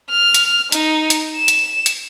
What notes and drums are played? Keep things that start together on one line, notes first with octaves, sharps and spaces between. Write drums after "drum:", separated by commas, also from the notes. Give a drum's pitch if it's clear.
F6
drum: hi-hat
D#4, drum: hi-hat
drum: hi-hat
E7
drum: hi-hat
drum: hi-hat